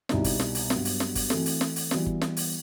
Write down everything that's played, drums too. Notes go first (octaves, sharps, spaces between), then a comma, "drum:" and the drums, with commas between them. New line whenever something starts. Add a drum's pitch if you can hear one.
C2 B2 G3 D#4, drum: snare
drum: kick G1, open hi-hat
drum: snare
drum: open hi-hat
G2 F#3 B3 F#4, drum: snare
drum: open hi-hat
drum: snare
drum: kick G1, open hi-hat
E3 A3 C4 F#4 A4, drum: snare
drum: open hi-hat
drum: snare
drum: open hi-hat
E3 G3 B3 F#4, drum: snare
drum: kick G1
drum: snare
drum: open hi-hat